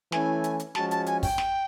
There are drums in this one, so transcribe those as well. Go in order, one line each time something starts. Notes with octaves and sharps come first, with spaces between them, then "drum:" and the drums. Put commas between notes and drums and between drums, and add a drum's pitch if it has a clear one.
E3 A3 C#4 E4 G#5, drum: snare
drum: hi-hat
drum: hi-hat
F3 G#3 C#4 F#4 A5, drum: snare
A5, drum: hi-hat
G#5, drum: hi-hat
G5, drum: kick, open hi-hat
drum: snare